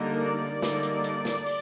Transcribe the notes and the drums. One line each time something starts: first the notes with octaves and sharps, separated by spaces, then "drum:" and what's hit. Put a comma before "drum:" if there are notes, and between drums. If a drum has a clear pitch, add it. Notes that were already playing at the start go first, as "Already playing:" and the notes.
Already playing: D3 G3 A#3 D#4
D5
D3 G3 A#3 D#4, drum: snare
drum: hi-hat
drum: hi-hat
drum: snare
drum: open hi-hat